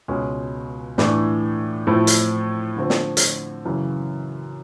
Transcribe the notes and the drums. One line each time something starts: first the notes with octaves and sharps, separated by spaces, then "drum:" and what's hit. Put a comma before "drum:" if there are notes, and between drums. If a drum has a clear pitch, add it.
C#2 B2 G#3 C#4
A2 E3 A3 D4, drum: snare
A2 F3 A3 C4 E4
drum: hi-hat
D3 F3 A3 C4
drum: snare
drum: hi-hat
F#2 C#3 E3